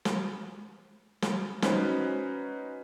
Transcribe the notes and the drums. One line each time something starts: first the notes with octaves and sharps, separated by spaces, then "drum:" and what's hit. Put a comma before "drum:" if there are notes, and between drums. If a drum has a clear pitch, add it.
drum: snare
drum: snare
C#4 D#4 F#4 B4 C5, drum: snare